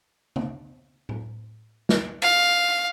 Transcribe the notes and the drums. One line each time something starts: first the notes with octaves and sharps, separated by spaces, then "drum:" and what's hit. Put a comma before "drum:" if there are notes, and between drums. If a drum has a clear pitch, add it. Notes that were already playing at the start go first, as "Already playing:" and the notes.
drum: tom
drum: tom A2
drum: snare
F5, drum: cymbal